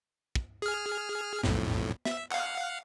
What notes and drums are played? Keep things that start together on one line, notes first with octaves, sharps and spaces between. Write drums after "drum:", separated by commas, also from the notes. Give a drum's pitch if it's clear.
drum: kick
G#4 F6
B1 F2 A2, drum: snare
E5, drum: snare
F5 F#5, drum: clap